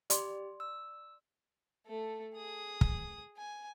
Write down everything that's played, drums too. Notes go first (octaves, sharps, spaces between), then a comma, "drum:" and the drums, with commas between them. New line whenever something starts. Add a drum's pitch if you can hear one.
G4 D5 B5 C6, drum: hi-hat
E6
A3 A4
G#4 D#6
drum: kick
G#5